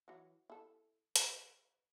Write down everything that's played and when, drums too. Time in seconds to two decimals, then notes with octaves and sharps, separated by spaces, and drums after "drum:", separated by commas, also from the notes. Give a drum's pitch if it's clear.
0.08 E3 F#3
0.50 E4 A4
1.16 A5, drum: hi-hat